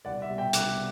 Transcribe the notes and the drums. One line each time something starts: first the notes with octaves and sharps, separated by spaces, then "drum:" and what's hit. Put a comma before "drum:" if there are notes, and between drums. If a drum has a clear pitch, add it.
C2 D5 F#5
E5
B2 G3
E5 G5
C2 D6 F#6, drum: hi-hat